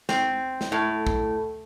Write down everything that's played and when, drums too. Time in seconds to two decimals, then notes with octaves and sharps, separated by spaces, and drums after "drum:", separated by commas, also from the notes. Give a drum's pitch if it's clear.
0.09 C4, drum: snare
0.61 drum: snare
0.72 A2
1.07 drum: kick A#1